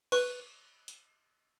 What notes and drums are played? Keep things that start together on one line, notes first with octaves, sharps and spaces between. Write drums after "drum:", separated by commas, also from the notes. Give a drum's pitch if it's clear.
B4 C#6, drum: cymbal
drum: hi-hat